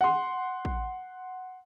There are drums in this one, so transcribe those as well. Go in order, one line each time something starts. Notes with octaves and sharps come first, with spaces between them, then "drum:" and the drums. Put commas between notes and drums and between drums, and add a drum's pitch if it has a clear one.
F#5 C6
drum: kick